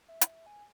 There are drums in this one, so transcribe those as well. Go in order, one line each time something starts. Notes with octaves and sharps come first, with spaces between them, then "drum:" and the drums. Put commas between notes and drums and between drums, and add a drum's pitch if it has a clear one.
E5
F#5, drum: hi-hat
E5
G#5